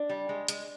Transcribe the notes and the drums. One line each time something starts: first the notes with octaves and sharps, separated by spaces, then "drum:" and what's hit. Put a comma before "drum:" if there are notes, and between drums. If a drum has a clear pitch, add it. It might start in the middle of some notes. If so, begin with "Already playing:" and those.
Already playing: D4
G3
G#3
G#3, drum: hi-hat